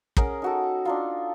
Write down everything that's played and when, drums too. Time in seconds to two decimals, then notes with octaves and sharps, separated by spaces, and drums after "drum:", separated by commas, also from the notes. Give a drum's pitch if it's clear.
0.17 C#4 G#4 A#4 F#5, drum: kick
0.42 D#4 F#4 A4
0.85 D4 D#4 F4